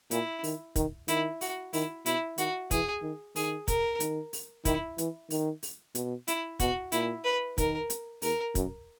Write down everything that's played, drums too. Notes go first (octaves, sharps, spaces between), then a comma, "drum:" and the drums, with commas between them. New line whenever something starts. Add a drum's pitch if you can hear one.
A#2 E4, drum: hi-hat
D#3, drum: open hi-hat
D#3, drum: kick, hi-hat
D#3 E4, drum: hi-hat
F#4, drum: open hi-hat
D#3 E4, drum: open hi-hat
B2 E4, drum: hi-hat
D#3 F#4, drum: hi-hat
E3 G#4, drum: kick, hi-hat
D#3
D#3 G#4, drum: open hi-hat
A#4, drum: kick, hi-hat
D#3, drum: hi-hat
drum: open hi-hat
D#3 E4, drum: kick, hi-hat
E3, drum: hi-hat
D#3, drum: open hi-hat
drum: open hi-hat
B2, drum: hi-hat
E4, drum: hi-hat
B2 F#4, drum: kick, hi-hat
A#2 E4, drum: hi-hat
B4
D#3 A#4, drum: kick, hi-hat
drum: hi-hat
E2 A#4, drum: open hi-hat
F#2, drum: kick, hi-hat